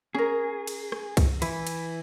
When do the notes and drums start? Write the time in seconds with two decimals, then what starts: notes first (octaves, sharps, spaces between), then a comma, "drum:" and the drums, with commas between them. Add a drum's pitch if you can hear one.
0.15 C#4 G#4 A#4
0.67 drum: cymbal
0.92 drum: rim click
1.17 drum: kick C2, cymbal
1.42 E3 E4 B4, drum: cymbal
1.67 drum: cymbal